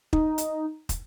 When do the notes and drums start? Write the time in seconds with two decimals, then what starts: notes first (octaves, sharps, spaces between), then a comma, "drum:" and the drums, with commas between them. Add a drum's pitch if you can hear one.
0.13 D#4, drum: kick
0.38 drum: hi-hat
0.89 drum: kick, hi-hat